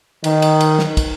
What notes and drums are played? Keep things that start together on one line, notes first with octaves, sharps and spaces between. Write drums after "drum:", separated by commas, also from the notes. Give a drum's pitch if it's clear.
D#3, drum: cymbal
drum: cymbal
drum: cymbal
drum: snare
drum: kick, cymbal